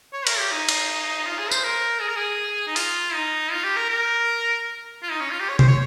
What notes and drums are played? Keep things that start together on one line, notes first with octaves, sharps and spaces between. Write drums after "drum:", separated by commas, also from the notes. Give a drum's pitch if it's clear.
C#5
A#4, drum: cymbal
G4
D#4
drum: cymbal
F4
G#4
C5, drum: tambourine
A#4
G#4
A#4
G#4
D#4
F4, drum: open hi-hat
D#4
F4
G4
A#4
A#4
F4
D#4
C#4
F4
G4
C#5
C5, drum: tom C3
C#5